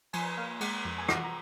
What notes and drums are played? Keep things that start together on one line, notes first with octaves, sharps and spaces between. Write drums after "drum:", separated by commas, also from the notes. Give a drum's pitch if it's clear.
F3 G#5, drum: cymbal
A#3 F5
G#3 F#5, drum: cymbal
F2
G#5
F3 F#5, drum: rim click
A#5